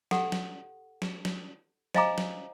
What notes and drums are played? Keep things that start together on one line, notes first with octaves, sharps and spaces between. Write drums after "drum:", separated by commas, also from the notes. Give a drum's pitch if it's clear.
G4 A4 F#5, drum: snare
drum: snare
drum: snare
drum: snare
C5 D#5 F5 G#5 A#5 D6, drum: snare
drum: snare